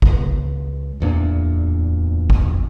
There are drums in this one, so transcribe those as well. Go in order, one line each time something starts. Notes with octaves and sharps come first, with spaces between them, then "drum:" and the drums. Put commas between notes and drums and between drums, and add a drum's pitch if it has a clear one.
C#2, drum: kick
D1 E2 A#2 D4
drum: kick